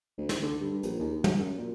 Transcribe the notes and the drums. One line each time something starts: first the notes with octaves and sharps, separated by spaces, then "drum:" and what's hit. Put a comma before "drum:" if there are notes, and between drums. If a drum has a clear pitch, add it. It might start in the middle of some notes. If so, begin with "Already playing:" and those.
D2
drum: snare
D3
G2
A#1, drum: hi-hat
D#2
F#3, drum: tom
F#2
A#2